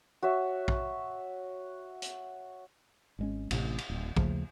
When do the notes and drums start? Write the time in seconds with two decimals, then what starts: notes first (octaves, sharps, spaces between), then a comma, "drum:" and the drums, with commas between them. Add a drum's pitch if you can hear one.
0.22 F#4 C#5 E5
0.68 drum: kick
2.02 drum: hi-hat
3.19 G#1 G#3 C#4
3.51 A1 A2 C3, drum: cymbal
3.78 drum: cymbal
3.89 D1
4.17 D#2 C#3 F3 A3, drum: kick